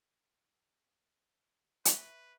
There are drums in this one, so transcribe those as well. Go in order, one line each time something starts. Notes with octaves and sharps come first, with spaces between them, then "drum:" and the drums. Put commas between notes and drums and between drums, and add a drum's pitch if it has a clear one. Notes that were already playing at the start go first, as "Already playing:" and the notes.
B4 E5 C#6, drum: hi-hat